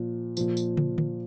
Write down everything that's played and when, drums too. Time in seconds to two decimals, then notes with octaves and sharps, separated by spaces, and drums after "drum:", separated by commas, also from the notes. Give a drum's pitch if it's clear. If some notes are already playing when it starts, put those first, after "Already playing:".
Already playing: A#2 F3
0.37 A#2 F3, drum: tambourine
0.57 drum: tambourine
0.77 drum: tom
0.98 drum: tom D3